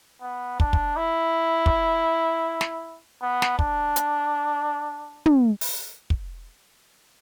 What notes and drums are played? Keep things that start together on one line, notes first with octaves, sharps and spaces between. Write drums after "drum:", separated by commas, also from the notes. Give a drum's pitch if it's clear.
B3
D4, drum: kick
drum: kick
E4
drum: kick
drum: snare
B3
drum: snare
D4, drum: kick
drum: hi-hat
drum: tom
drum: open hi-hat
drum: kick